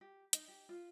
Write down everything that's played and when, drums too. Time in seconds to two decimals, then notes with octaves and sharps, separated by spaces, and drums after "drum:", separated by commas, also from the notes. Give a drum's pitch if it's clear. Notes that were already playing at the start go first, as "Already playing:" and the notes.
0.01 G4
0.33 D#4, drum: hi-hat
0.48 G4
0.69 F4